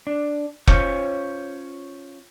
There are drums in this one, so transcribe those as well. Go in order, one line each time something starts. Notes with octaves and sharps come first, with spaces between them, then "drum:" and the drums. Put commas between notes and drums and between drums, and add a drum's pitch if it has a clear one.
D4
C#4 F4 C5 C#5, drum: kick F1